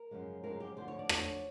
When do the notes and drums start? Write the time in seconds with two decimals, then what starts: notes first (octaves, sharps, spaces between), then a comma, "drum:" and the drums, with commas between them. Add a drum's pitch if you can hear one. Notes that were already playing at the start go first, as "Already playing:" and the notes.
Already playing: A#4
0.11 F#2 C#3 F3 G#3
0.43 F#2 C#3 F3 G#3 A#4
0.60 G4
0.77 D2 D3 F3 C5
0.88 C#5
0.99 D5
1.09 D2 D3 F3 C#5, drum: rim click